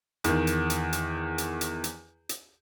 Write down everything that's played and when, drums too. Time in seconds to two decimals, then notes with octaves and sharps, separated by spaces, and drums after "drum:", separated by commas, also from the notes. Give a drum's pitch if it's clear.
0.24 E2 D#3, drum: hi-hat
0.47 drum: hi-hat
0.70 drum: hi-hat
0.93 drum: hi-hat
1.38 drum: hi-hat
1.61 drum: hi-hat
1.84 drum: hi-hat
2.29 drum: hi-hat